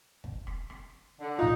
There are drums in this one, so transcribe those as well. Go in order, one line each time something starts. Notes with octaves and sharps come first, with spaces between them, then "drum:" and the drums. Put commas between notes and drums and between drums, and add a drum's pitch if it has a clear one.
drum: kick
drum: rim click
drum: rim click
D3
A#1 D#4 F4